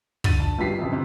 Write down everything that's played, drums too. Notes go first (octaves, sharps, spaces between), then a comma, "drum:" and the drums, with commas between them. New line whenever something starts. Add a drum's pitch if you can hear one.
D3 A6 D#7, drum: kick
A5
C#2 G2 F#3 G4 B6 C7
A1 F2 C3
G1 C3